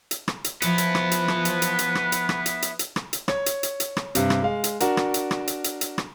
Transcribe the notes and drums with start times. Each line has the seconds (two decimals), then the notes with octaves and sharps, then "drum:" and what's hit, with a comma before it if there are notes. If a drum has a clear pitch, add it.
0.11 drum: hi-hat
0.28 drum: rim click
0.44 drum: hi-hat
0.62 F3 B3 E4 B4, drum: hi-hat
0.78 drum: hi-hat
0.95 drum: rim click
1.11 drum: hi-hat
1.28 drum: rim click
1.45 drum: hi-hat
1.62 drum: hi-hat
1.79 drum: hi-hat
1.95 drum: rim click
2.12 drum: hi-hat
2.29 drum: rim click
2.46 drum: hi-hat
2.62 drum: hi-hat
2.79 drum: hi-hat
2.96 drum: rim click
3.13 drum: hi-hat
3.28 C#5, drum: rim click
3.46 drum: hi-hat
3.63 drum: hi-hat
3.80 drum: hi-hat
3.97 drum: rim click
4.15 G2 C3, drum: hi-hat
4.30 drum: rim click
4.42 G#3 F5
4.64 drum: hi-hat
4.80 D4 F#4 A#4, drum: hi-hat
4.97 drum: rim click
5.14 drum: hi-hat
5.31 drum: rim click
5.47 drum: hi-hat
5.64 drum: hi-hat
5.81 drum: hi-hat
5.98 drum: rim click